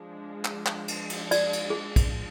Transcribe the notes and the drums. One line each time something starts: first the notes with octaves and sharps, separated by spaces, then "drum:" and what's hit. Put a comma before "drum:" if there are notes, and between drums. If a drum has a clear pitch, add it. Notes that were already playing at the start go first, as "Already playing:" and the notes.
Already playing: F3 G#3 D4
drum: clap
drum: clap
drum: cymbal
drum: cymbal
D5, drum: cymbal
drum: cymbal
G#4
drum: kick, cymbal